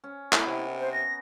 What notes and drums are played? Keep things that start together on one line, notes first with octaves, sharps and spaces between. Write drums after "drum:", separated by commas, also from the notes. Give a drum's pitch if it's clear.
C#4
A3 B3 D#4 E4, drum: clap
C3
C5
A#6